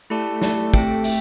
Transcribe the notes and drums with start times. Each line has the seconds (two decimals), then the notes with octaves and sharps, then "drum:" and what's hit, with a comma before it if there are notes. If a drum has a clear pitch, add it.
0.10 A3 E4 G4 D5 A5
0.42 E4 G4 D5 A5, drum: snare
0.74 C4 G4 E5 G5, drum: kick
1.04 E5 G5, drum: open hi-hat